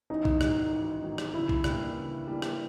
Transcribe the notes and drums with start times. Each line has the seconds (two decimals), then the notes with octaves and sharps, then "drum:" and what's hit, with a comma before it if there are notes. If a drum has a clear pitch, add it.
0.10 A1 D#4
0.25 drum: kick
0.41 G#2 D#3 F#3, drum: rim click
0.72 A1
1.03 G#2 D#3 F#3
1.18 drum: rim click
1.34 C#3 E4
1.49 drum: kick
1.64 E3 G3 A#3 D4, drum: rim click
1.96 C#3
2.27 E3 G3 A#3 D4
2.42 drum: rim click